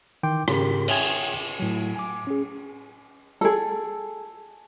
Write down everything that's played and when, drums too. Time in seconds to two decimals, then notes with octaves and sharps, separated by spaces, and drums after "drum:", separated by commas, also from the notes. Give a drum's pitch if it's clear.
0.23 D#3 E3 G5 C6 D6
0.48 G#2 C#3 G4 A#4, drum: rim click
0.88 C#5 E5 G5 G#5 D#6 G#6, drum: cymbal
1.60 A2 F#3
1.96 G#5 D6
2.27 C#4 G#4
3.41 G#4 A4, drum: tambourine